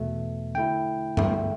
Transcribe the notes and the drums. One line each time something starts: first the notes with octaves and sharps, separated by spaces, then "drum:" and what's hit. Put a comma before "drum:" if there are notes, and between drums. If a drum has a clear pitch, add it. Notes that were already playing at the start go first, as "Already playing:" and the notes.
Already playing: E2 B2 A3
D3 A3 E4 G5
G2 D3 A3, drum: tom G2